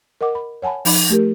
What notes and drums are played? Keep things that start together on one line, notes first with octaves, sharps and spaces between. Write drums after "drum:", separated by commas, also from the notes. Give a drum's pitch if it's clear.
A#4 D#5 F#5 D6
B5
C#5 F#5 G#5 A5 B5
F3 D#4 B5, drum: open hi-hat
A3 G4 A#4